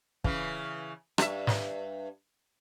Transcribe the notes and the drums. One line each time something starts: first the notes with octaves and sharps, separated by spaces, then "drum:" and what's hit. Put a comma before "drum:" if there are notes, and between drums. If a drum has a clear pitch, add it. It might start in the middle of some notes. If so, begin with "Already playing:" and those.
C#3 E3, drum: kick
G2 E5, drum: rim click
drum: snare